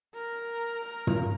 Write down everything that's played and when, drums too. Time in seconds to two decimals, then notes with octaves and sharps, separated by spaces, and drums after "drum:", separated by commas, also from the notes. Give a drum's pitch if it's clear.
0.14 A#4
0.84 A#4
1.07 drum: tom